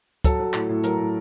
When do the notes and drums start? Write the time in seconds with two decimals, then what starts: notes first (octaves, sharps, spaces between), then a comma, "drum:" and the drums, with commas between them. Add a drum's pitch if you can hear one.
0.24 F#3 A4, drum: kick, hi-hat
0.39 F#3
0.54 A2, drum: clap
0.69 A2
0.84 F#3 A#4, drum: hi-hat
0.98 A2